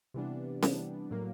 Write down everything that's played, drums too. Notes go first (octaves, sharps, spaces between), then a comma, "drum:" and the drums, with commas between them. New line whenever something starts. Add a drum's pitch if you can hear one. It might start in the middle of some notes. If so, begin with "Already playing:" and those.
C3 E3 G3 B3 D4
C3 E3 G3 B3 D4, drum: snare C#4
A2 F#3 A#3